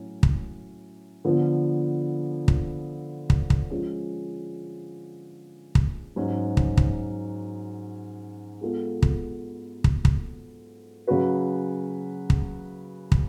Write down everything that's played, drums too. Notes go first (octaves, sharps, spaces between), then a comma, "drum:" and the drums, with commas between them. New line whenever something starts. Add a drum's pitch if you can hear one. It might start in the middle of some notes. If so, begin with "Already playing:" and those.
Already playing: A2 F#3 C#4
drum: kick
D3 F3 B3
drum: kick
drum: kick
drum: kick
F3 G#3 C#4
drum: kick
G#2 F#3 C#4 F#4
drum: kick
drum: kick
G#3 B3 F4 A4
drum: kick
drum: kick
drum: kick
C#3 F#3 C#4 F#4 B4
drum: kick
drum: kick